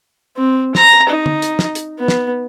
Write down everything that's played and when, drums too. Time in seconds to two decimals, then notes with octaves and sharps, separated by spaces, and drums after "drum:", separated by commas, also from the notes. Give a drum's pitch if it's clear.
0.37 C4
0.75 A#5, drum: snare
1.09 D#4
1.26 drum: tom D3
1.42 drum: hi-hat
1.59 drum: snare
1.75 drum: hi-hat
1.99 B3
2.08 drum: snare